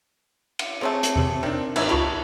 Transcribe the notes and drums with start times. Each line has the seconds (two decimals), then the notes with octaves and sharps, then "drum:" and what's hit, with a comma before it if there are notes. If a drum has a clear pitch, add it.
0.59 drum: cymbal
0.81 F3 F#3 A3 C4 G#4 C#5
1.03 drum: hi-hat
1.16 E2 C3
1.43 D#3 C4 D4
1.76 A1 B2 D#4 E4 G#6, drum: cymbal
1.89 C#2 F4 E5 A5 B5 C#6